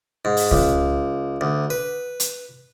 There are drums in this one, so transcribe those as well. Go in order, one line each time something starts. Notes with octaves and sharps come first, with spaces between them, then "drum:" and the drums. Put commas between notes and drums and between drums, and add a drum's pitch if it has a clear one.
G#2
drum: open hi-hat
C#2, drum: kick C#2
D2
B4
drum: hi-hat